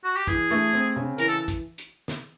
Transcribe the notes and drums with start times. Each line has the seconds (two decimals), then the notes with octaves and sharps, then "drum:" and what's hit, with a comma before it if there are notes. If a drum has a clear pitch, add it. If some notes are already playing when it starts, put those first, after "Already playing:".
0.04 F#4
0.16 G4
0.27 E3 G#4, drum: kick
0.50 A3
0.73 C4
0.96 C#3
1.18 E3 A#4, drum: hi-hat
1.28 A4
1.48 drum: kick, hi-hat
1.78 drum: hi-hat
2.08 drum: snare